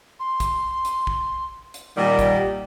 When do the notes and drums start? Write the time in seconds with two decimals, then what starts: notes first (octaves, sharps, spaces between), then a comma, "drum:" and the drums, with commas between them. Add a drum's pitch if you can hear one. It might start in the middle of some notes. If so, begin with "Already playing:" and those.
0.20 C6
0.40 drum: kick A#1, hi-hat
0.85 drum: hi-hat
1.07 drum: kick A#1
1.74 drum: hi-hat
1.96 A#2 D#3 G3 F#5
2.19 drum: kick A#1, hi-hat